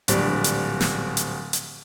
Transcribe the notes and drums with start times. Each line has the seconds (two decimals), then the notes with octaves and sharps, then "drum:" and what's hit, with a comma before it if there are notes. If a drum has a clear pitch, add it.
0.08 D1 A#1 G3, drum: hi-hat
0.44 drum: hi-hat
0.81 drum: snare
1.17 drum: hi-hat
1.53 drum: hi-hat